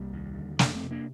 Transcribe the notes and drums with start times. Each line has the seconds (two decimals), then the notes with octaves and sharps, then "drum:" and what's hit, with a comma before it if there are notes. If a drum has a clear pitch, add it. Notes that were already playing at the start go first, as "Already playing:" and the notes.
Already playing: C2 G3 A#3
0.13 D#2
0.36 D3
0.59 F2 A#3 D4, drum: snare
0.75 A3 C4
0.83 C3
0.91 A#3 D4